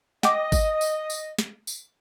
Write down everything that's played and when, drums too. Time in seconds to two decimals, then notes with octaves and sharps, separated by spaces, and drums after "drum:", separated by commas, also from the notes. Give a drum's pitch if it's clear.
0.23 D#5 F#5 G5 D6, drum: snare
0.52 drum: kick, tambourine
0.81 drum: tambourine
1.10 drum: tambourine
1.39 drum: snare
1.67 drum: tambourine